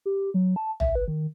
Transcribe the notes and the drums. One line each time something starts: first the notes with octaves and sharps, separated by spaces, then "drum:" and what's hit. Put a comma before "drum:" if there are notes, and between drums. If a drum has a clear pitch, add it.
G4
F#3
A5
E5, drum: tom
B4
D#3